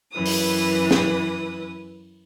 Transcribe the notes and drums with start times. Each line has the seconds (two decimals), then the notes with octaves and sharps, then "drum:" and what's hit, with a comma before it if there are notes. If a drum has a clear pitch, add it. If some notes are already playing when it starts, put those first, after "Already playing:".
0.12 F#2 E3 B4 D#6
0.25 drum: open hi-hat
0.91 drum: snare